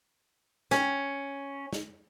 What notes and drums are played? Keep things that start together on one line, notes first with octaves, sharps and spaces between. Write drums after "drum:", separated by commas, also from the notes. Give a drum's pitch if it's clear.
C#4, drum: snare
drum: snare